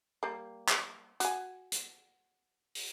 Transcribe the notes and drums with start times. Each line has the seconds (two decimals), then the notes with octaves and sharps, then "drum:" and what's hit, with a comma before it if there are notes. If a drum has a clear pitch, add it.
0.23 G3 A#3
0.69 drum: clap
1.20 F#4 G#5, drum: hi-hat
1.72 drum: hi-hat
2.75 drum: open hi-hat